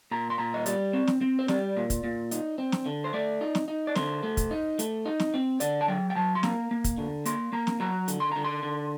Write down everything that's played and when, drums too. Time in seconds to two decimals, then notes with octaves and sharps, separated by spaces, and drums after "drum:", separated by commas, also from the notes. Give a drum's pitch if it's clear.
0.11 A#2 A#5
0.30 C6
0.38 A#2 A#5
0.54 D#5
0.66 G3 D5, drum: hi-hat
0.93 C4
1.07 drum: snare
1.21 C4
1.39 C5
1.48 G3 D5, drum: snare
1.77 A#2
1.90 drum: kick, hi-hat
2.04 A#2
2.31 D#4, drum: hi-hat
2.58 C4
2.72 drum: snare
2.86 D3
3.04 C5
3.13 A3 D5
3.41 D#4
3.55 drum: snare
3.68 D#4
3.87 D5
3.95 D3 C5, drum: snare
4.23 A3
4.37 drum: kick, hi-hat
4.51 D#4
4.79 A3, drum: hi-hat
5.06 D#4
5.20 drum: snare
5.34 C4
5.60 D3 D5, drum: hi-hat
5.81 A5
5.88 F#3 G5
6.10 G5
6.16 F#3 A5
6.35 C6
6.43 A#3 A#5, drum: snare
6.71 A#3
6.84 drum: kick, hi-hat
6.98 D3
7.25 A#3 C6, drum: hi-hat
7.53 A#3 A#5
7.67 drum: snare
7.80 F#3 A#5
8.08 D3, drum: hi-hat
8.20 C6
8.32 D3 A#5
8.44 C6
8.63 D3